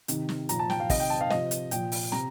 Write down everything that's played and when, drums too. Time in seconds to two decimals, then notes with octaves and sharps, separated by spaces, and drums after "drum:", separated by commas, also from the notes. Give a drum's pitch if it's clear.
0.08 C3 D#3, drum: hi-hat
0.29 drum: snare
0.49 A#2 F3 A#5, drum: hi-hat
0.59 A5
0.70 G5, drum: snare
0.80 F5
0.90 C3 D#3 D#5, drum: kick, open hi-hat
1.00 G5
1.10 A5
1.21 F5
1.30 C3 F3 D#5, drum: snare
1.51 drum: hi-hat
1.71 A#2 F3 G5, drum: hi-hat
1.92 drum: open hi-hat
2.12 C3 A#5, drum: snare